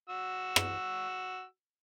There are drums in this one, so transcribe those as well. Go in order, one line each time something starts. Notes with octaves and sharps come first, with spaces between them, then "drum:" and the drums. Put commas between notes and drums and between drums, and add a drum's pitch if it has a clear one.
F#4 E6
drum: rim click